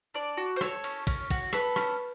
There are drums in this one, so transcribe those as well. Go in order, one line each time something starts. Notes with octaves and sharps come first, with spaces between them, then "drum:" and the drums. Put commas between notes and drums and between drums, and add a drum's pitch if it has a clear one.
D4 D5
F#4
C5
A4 C#5, drum: rim click
C#4, drum: cymbal
C#4, drum: kick, cymbal
F#4, drum: kick, cymbal
A4 B4, drum: rim click
C#4, drum: rim click